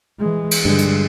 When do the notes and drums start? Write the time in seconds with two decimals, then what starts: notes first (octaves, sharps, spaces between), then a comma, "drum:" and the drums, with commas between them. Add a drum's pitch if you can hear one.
0.20 E3 G#3
0.51 drum: cymbal
0.65 G2 D3 G#3
0.79 drum: hi-hat